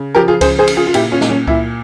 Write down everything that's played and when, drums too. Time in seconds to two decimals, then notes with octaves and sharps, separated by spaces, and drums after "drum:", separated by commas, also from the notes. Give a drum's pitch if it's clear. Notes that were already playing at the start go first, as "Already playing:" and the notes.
Already playing: C#3
0.15 F3 G4 A#4
0.28 F4 G#4
0.41 C#3 G#4 C5, drum: kick C#2, cymbal
0.59 G#4 C5
0.68 C#3, drum: cymbal
0.77 F4 G#4
0.87 F4
0.94 A#2 E4 G4, drum: cymbal
1.11 C#4 F4
1.21 A#2, drum: snare
1.30 C#4
1.47 A#2 E4, drum: kick C#2